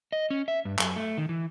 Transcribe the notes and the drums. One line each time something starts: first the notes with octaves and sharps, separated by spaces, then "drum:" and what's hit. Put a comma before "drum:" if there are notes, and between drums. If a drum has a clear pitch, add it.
D#5
C#4
E5
G2
F#2, drum: clap
A3
D#3
E3